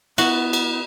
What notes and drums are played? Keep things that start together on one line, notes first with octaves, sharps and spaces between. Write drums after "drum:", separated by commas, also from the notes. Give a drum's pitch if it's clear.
B3 E4 F#4, drum: cymbal
drum: cymbal